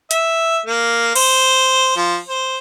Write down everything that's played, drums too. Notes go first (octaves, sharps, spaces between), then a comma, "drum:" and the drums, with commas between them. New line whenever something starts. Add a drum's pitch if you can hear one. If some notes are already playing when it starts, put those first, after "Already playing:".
E5, drum: hi-hat
A#3
C5, drum: cymbal
F3
C5